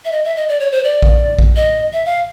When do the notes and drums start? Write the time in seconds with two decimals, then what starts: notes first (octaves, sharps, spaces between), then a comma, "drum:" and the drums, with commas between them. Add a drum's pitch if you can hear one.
0.05 E5
0.12 D#5
0.25 E5
0.36 D#5
0.49 D5
0.60 C#5
0.72 C5
0.84 D5
1.02 drum: kick A#1
1.39 drum: kick A#1
1.56 D#5
1.93 E5
2.06 F5